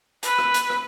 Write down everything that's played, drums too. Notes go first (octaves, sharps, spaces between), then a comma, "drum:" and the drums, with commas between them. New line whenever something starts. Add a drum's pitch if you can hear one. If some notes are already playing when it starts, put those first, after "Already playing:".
B4, drum: hi-hat
drum: rim click
drum: hi-hat
drum: rim click